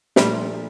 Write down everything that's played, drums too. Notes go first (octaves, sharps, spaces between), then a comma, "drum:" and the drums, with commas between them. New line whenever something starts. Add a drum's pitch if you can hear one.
A#2 F3 G3 A3 D4, drum: snare